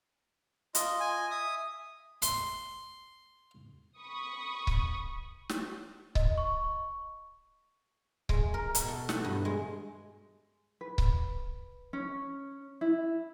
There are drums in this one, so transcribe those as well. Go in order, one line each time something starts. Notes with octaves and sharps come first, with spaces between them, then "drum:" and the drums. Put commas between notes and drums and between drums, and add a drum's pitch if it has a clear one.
F4 D#5, drum: hi-hat
G#5
E5 D#6
C6, drum: hi-hat
B5 C#6 D#6
drum: kick C#1
drum: snare
D#5, drum: kick C#1
C#6
G#3, drum: kick C#1
A#4
B2, drum: hi-hat
A4
F#5, drum: snare
G2
G#3
B4
drum: kick C#1
C#4
E4